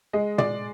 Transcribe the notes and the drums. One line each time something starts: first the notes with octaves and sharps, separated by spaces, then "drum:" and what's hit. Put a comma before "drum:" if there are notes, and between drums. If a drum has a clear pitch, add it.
G#3 D#5
D5, drum: tom